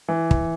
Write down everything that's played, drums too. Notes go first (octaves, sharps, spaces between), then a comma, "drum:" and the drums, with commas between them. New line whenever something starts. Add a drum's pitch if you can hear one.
E3
drum: kick